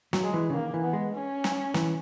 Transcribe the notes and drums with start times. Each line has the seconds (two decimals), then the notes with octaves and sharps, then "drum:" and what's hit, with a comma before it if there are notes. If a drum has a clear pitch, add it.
0.13 F#3, drum: snare
0.23 G#3
0.34 E3
0.50 C#3
0.53 D#3 A#3
0.74 E3
0.84 B3
0.93 G#3
1.14 C#4
1.44 drum: snare
1.74 E3, drum: snare